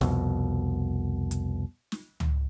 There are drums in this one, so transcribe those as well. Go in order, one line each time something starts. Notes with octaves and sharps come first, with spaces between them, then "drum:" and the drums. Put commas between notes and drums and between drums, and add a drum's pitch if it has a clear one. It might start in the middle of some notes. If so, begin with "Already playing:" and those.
C2 F2 B2, drum: snare
drum: hi-hat
drum: snare
drum: tom C#2